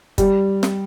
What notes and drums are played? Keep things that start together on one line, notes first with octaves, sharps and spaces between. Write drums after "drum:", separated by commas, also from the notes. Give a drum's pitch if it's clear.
G3, drum: kick F#1, hi-hat
drum: snare